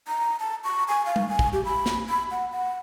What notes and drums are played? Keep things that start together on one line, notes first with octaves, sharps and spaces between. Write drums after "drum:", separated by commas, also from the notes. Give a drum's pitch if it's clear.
A#5
A5
C#6
G#5
F5
drum: tom G3
G#5
drum: kick
G4
B5
drum: snare
B5
F#5
F#5